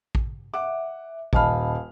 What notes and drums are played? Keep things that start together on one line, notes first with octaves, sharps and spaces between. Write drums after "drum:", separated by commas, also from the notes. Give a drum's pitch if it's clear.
drum: kick A1
E5 F#5 D6
D#1 D#5 F5 A5 B5 F6, drum: kick A1